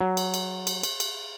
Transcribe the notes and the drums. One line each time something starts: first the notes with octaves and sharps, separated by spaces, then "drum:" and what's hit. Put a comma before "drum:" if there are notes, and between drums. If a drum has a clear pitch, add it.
F#3
drum: cymbal
drum: cymbal
drum: cymbal
drum: cymbal
drum: cymbal